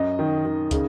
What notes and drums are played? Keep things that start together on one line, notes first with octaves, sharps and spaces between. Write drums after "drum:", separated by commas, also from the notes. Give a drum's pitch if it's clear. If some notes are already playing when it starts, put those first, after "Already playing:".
Already playing: F#2 D#5
D#3
D#3
C#3, drum: kick, hi-hat